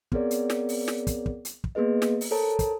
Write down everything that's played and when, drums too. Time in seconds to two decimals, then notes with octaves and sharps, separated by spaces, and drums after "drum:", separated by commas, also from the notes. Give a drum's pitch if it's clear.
0.12 B3 C4 G#4 A#4 C#5 D5, drum: kick
0.31 drum: hi-hat
0.50 drum: snare
0.69 drum: open hi-hat
0.88 drum: snare
1.07 drum: kick, hi-hat
1.26 drum: kick
1.45 drum: hi-hat
1.64 drum: kick
1.75 A#3 B3 G#4 B4 D#5
2.02 drum: snare
2.21 drum: open hi-hat
2.31 A4 A#4 C5 C#5 A5 A#5
2.59 drum: kick, hi-hat